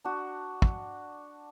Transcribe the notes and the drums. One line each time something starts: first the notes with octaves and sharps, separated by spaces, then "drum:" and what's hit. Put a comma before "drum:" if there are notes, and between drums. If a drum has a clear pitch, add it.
D4 F#4
drum: kick